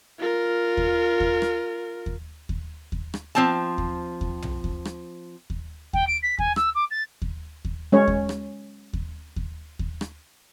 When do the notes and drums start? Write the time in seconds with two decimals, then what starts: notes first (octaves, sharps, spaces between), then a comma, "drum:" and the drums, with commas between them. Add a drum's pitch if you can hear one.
0.19 F4 A#4
0.77 drum: kick D#2
1.20 drum: kick D#2
1.42 drum: rim click
2.06 drum: kick D#2
2.49 drum: kick D#2
2.92 drum: kick D#2
3.14 drum: rim click
3.35 F3 C4 A5
3.78 drum: kick D#2
4.21 drum: kick D#2
4.42 drum: tom
4.64 drum: kick D#2
4.85 drum: rim click
5.50 drum: kick D#2
5.93 G5, drum: kick D#2
6.07 D7
6.23 B6
6.39 G#5, drum: kick D#2
6.56 E6, drum: rim click
6.75 D6
6.91 A6
7.22 drum: kick D#2
7.65 drum: kick D#2
7.92 G#3 C#4 C#5
8.08 drum: kick D#2
8.29 drum: rim click
8.93 drum: kick D#2
9.36 drum: kick D#2
9.79 drum: kick D#2
10.01 drum: rim click